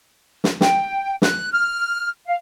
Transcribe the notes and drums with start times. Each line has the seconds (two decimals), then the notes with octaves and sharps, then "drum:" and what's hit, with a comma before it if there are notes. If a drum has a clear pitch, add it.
0.44 drum: snare
0.61 G5, drum: snare
1.22 F#6, drum: snare
1.52 F6
2.26 F5